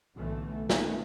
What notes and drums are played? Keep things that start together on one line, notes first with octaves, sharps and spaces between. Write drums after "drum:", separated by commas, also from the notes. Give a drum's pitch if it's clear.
B1 A2 D3 E3 A3
D#3 A3 B3 C#4, drum: snare